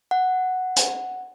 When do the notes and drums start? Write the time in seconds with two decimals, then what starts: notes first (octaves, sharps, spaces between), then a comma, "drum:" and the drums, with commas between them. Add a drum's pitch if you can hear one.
0.11 F#5
0.76 drum: hi-hat